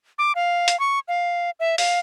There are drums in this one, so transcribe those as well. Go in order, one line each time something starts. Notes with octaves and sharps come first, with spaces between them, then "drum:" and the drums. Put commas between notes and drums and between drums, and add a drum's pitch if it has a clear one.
D6
F5
drum: hi-hat
C#6
F5
E5
F5, drum: open hi-hat